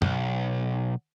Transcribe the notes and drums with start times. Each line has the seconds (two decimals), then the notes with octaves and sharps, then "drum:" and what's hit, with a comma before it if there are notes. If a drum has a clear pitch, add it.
0.02 B1, drum: tom